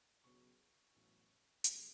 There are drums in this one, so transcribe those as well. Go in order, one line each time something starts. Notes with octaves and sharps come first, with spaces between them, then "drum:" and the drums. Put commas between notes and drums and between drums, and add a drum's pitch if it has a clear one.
C#2 B2 F#3 B3 C#6
A1 A2 F#3 B3
F#2 C#3 G3 B3, drum: hi-hat